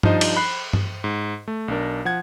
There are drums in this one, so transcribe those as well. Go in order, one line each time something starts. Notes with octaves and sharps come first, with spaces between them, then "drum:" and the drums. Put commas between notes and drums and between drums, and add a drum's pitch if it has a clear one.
F3 G3 D4 D#4 C5 D#5, drum: tom G2
drum: cymbal
B5 F#6 C7
drum: tom G2
G#2
A3
B1 D4 A#4
F3 F#5 G#6